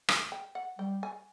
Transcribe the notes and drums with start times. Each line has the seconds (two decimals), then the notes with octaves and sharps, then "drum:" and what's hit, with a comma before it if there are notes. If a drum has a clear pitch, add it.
0.09 G#5, drum: rim click
0.32 G5
0.55 F#5
0.79 G3 G5
1.03 G#5